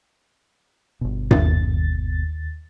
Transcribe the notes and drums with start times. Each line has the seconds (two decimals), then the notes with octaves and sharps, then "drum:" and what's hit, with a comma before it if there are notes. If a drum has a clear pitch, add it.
1.01 G1 B2
1.31 D#2 A6, drum: tom G2